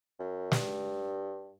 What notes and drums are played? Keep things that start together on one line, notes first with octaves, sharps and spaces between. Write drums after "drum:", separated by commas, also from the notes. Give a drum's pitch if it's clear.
F#2
G2, drum: snare